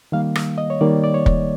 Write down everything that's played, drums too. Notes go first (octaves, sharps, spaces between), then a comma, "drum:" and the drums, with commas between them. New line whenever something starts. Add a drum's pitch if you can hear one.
D#3 G3 A#3 F5
drum: rim click
D#5
C#5
D#3 G3 A#3 D5
D5
C#5
drum: kick